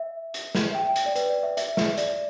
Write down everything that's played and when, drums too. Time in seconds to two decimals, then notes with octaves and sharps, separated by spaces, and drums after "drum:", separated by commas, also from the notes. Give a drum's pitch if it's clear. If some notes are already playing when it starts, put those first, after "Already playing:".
Already playing: E5
0.34 drum: hi-hat
0.55 drum: snare
0.71 E5
0.75 G5
0.85 G5
0.96 G5, drum: hi-hat
1.06 D5
1.15 B4, drum: hi-hat
1.30 D5
1.43 E5
1.57 E5, drum: hi-hat
1.77 E5, drum: snare
1.97 D5, drum: hi-hat